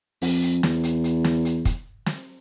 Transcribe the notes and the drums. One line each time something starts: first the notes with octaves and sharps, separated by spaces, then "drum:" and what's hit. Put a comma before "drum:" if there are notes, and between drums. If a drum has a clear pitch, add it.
F2, drum: open hi-hat
drum: hi-hat
E2, drum: snare
drum: hi-hat
drum: hi-hat
drum: snare
drum: hi-hat
drum: kick, hi-hat
drum: snare